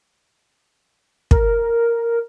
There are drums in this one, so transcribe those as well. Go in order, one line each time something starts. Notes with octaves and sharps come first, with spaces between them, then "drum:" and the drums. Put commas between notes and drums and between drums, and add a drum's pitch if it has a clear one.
A#4, drum: kick